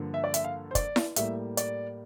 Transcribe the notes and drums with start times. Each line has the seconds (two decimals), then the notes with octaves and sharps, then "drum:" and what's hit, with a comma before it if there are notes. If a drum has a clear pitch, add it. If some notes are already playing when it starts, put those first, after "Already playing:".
Already playing: G2 D3 F3 A#3
0.14 E5
0.24 D5
0.34 E5, drum: hi-hat
0.44 F5
0.71 C5
0.75 D5, drum: kick, hi-hat
0.96 drum: snare E4
1.16 A2 G3 A#3 E5, drum: hi-hat
1.57 D5, drum: hi-hat